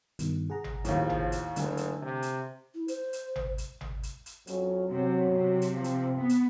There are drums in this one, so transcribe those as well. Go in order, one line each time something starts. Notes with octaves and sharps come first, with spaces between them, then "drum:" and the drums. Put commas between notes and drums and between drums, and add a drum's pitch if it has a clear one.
G2 B2 D#3, drum: hi-hat
G#4 F#5 A#5
drum: tom G#1
D#2 A2 F3, drum: hi-hat
drum: tom G#1
drum: hi-hat
F#1 D3 A3 G#5 E6, drum: hi-hat
drum: hi-hat
C3
drum: hi-hat
E4
C5, drum: hi-hat
drum: hi-hat
drum: tom G#1
drum: hi-hat
drum: tom G#1
drum: hi-hat
drum: hi-hat
F2 F#3 C#4, drum: hi-hat
C3 F#3
C3
drum: hi-hat
F3 C4
drum: hi-hat
B3
drum: hi-hat